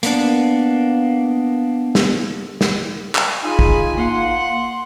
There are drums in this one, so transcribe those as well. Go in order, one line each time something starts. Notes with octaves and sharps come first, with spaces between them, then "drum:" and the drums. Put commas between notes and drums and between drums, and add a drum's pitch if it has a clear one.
A#3 B3 D4, drum: hi-hat
drum: snare
drum: snare
drum: clap
D#4 F4 G#4 G#5 B5
drum: kick
A#3 F#5 C6